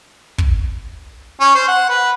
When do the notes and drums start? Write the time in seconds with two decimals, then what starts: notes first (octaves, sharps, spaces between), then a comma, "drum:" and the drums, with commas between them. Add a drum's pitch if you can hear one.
0.38 drum: kick
1.40 C#4
1.55 C5
1.68 F#5
1.89 B4